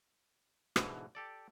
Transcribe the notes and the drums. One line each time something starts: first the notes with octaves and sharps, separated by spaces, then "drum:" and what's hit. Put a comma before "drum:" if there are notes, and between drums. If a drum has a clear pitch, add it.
G#2 B2 D3 E3, drum: rim click
G4 A4 D5